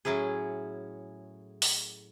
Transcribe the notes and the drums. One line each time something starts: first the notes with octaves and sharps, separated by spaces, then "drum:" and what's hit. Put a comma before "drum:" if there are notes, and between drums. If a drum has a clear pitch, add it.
A2 F#3 C#4 E4 G#4
drum: open hi-hat